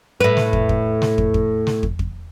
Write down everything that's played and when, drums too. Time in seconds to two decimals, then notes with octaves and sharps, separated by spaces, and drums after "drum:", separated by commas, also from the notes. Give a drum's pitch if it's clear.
0.20 A2 B4
0.37 drum: snare
0.53 drum: kick
0.69 drum: kick
1.02 drum: snare
1.18 drum: kick
1.34 drum: kick
1.67 drum: snare
1.83 drum: kick
1.99 drum: kick